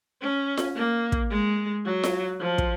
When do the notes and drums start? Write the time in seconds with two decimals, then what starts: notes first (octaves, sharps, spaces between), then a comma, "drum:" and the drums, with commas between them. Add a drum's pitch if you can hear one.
0.21 C#4
0.57 drum: snare F4
0.76 A#3
1.12 drum: kick
1.31 G#3
1.85 F#3
2.04 drum: snare F4
2.40 F3
2.58 drum: kick